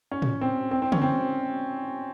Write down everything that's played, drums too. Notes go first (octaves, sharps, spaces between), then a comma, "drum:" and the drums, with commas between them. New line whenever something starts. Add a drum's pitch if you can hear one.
C#4
drum: tom A2
C4
C4
C4
C#4, drum: tom C#3
C4